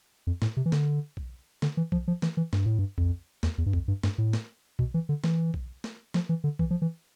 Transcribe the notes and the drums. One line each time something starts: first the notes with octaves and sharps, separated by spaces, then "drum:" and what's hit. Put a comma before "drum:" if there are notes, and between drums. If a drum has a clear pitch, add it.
F2
A2, drum: snare
C3
E3
D3, drum: snare
drum: kick B1
D3, drum: snare
E3
F3, drum: kick B1
F3
E3, drum: snare
E3
G2, drum: snare
A2
G2
F2, drum: kick B1
E2, drum: snare
E2
G2
F2, drum: kick B1
G2
G2, drum: snare
A2
drum: snare
B2, drum: kick B1
E3
D3
E3, drum: snare
drum: kick B1
drum: snare
F3, drum: snare
E3
D3
E3, drum: kick B1
F3
E3